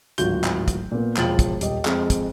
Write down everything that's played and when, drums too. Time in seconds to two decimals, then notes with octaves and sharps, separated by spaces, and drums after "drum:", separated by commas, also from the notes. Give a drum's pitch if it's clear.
0.18 D1 G#1 F4 F#4 G6 G7, drum: hi-hat
0.44 drum: clap
0.68 drum: kick, hi-hat
0.91 A#2 B3
1.17 E1 F3 F4 G5 A6 F#7, drum: clap
1.39 drum: kick, hi-hat
1.61 D#1 G4 D#5, drum: hi-hat
1.85 F2 G#3, drum: clap
2.10 drum: kick, hi-hat